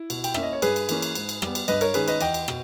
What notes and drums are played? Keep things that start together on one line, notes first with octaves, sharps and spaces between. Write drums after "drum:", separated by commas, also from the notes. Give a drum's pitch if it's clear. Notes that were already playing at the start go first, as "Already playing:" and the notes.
Already playing: E4
B2, drum: cymbal
G5, drum: cymbal
A#3 C#4 E5, drum: rim click
D#5
C#5
G2 G#4 B4, drum: cymbal
drum: cymbal
E3 A#3 C#4, drum: cymbal
drum: cymbal
G#2, drum: cymbal
drum: cymbal
G3 B3, drum: rim click
drum: cymbal
G2 B4 D#5, drum: cymbal
A#4 C#5, drum: cymbal
D#3 G#3 C#4 G#4 B4, drum: cymbal
B4 D#5, drum: cymbal
E2 D#5 G5, drum: cymbal
drum: cymbal
B2, drum: rim click